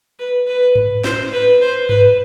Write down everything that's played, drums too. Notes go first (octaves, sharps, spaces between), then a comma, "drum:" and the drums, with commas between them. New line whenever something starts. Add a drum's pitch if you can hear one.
B4
B4
drum: tom G#2
C5, drum: snare
B4
C5
B4, drum: tom G2